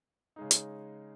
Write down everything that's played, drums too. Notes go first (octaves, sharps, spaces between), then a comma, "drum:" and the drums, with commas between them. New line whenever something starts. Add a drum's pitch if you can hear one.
C#3 G#3 D#4
drum: hi-hat